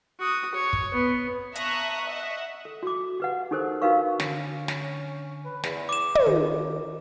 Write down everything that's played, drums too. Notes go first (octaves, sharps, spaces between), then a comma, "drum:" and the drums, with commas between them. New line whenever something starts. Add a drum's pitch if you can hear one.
F#4 D#6
C#5
drum: kick
B3
E5 A5 A#5 C#6 D#6 F#6, drum: hi-hat
D#5 E5 F#5
A4
F#4 D6
G4 B4 F#5
D#4 G4 A4 A#4 C5
D#4 F#4 A#4 B4 F5 C#6
D3 C#4, drum: snare
drum: snare
B4
E2, drum: snare
D6 E7
drum: tom
D#2 D#3